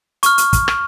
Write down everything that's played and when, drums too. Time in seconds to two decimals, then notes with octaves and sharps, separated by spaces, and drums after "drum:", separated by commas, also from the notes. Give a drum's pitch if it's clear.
0.23 C#6 F6, drum: hi-hat
0.38 drum: hi-hat
0.53 drum: kick, hi-hat
0.68 drum: rim click